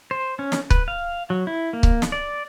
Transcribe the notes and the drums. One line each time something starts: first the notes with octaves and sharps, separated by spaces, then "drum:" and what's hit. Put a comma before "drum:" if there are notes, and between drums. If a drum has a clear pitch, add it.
C5
C#4
drum: snare
B4, drum: kick C#1
F5
F#3
E4
A#3
drum: kick C#1
drum: snare
D5